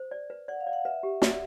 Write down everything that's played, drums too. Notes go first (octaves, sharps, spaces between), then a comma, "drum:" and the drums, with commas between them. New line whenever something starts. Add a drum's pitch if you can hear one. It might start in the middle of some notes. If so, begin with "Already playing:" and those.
Already playing: C5
D5
B4
D5 F#5
F5
D5
F#5
B4 E5
G4
D5, drum: snare